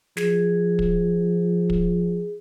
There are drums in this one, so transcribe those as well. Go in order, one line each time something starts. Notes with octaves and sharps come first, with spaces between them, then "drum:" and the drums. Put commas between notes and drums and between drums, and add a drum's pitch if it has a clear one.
F3 G#4, drum: snare
drum: kick
drum: kick